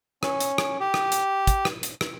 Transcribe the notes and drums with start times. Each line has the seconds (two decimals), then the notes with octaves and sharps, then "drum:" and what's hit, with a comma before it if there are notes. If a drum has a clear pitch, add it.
0.23 C#4, drum: rim click
0.40 drum: hi-hat
0.58 drum: rim click
0.80 G4
0.94 drum: rim click
1.12 drum: hi-hat
1.47 drum: kick, hi-hat
1.65 drum: rim click
1.83 drum: hi-hat
2.01 drum: rim click